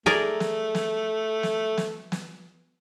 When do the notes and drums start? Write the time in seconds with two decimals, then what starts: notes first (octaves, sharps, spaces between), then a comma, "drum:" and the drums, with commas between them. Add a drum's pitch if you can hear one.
0.06 A3 G#4 A#4 D5, drum: snare
0.40 drum: snare
0.75 drum: snare
1.43 drum: snare
1.77 drum: snare
2.12 drum: snare